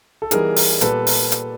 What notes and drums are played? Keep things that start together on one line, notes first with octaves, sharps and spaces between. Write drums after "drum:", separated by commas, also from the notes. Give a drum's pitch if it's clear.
A4
E3 G3 B3 D#4 G#4 A#4, drum: hi-hat
drum: open hi-hat
A#2 G3 B3 A4 B4, drum: hi-hat
drum: open hi-hat
drum: hi-hat